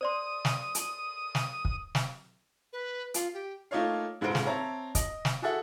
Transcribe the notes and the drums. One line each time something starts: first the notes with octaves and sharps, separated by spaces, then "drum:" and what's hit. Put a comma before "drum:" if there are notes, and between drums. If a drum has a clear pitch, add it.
C5 D5 C6 D#6
drum: snare
drum: hi-hat
drum: snare
drum: kick
drum: snare
B4
F4, drum: hi-hat
G4
A3 A#3 D#4 F4 C#5 F5
D#1 G#2 C#3 B4 C5 D7
drum: snare
C4 C#5 E5 A5 A#5
D#5, drum: kick, hi-hat
drum: snare
F#4 G#4 A4 E5 F#5